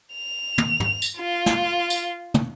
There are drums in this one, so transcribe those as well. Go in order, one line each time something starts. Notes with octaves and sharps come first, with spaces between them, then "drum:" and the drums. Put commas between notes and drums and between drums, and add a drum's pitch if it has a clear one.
F7
drum: tom
drum: tom
drum: tambourine
F4
drum: snare
drum: tambourine
drum: tom